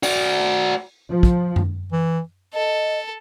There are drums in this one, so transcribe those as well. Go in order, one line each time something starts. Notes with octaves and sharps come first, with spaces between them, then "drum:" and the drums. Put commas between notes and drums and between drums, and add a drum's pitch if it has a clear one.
F#4 D5, drum: open hi-hat
F3
drum: kick
drum: tom F#2
E3
A4 D#5